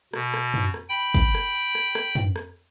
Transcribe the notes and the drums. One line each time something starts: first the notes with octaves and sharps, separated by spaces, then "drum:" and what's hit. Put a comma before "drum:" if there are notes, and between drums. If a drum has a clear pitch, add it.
B2, drum: rim click
drum: rim click
drum: tom
drum: rim click
G5 B5
drum: kick, hi-hat
drum: rim click
drum: open hi-hat
drum: rim click
drum: rim click
drum: tom
drum: rim click